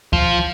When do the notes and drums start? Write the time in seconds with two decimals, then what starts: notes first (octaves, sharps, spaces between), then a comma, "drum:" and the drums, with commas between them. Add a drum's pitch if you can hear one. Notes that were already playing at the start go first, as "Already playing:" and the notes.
0.13 F3, drum: kick